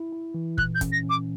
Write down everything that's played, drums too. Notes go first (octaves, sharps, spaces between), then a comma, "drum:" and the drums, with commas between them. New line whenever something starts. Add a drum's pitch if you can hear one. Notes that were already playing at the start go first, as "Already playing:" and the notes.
Already playing: E4
E4
E3
A#2 F#6, drum: kick
G6
C#4, drum: kick, hi-hat
A#6
C#4
D6